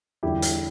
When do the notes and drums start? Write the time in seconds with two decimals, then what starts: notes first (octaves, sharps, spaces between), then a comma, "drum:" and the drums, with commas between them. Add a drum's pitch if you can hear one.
0.23 E2 D3 G3 E4 G4
0.42 drum: hi-hat